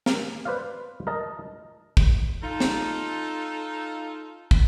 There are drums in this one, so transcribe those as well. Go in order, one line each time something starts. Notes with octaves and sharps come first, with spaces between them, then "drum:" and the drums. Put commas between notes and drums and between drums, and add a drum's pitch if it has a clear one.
A#4, drum: snare
B4 C5 D5 F5
A#4 D#5 A5
drum: kick
D#4 F4 A4
drum: snare
drum: kick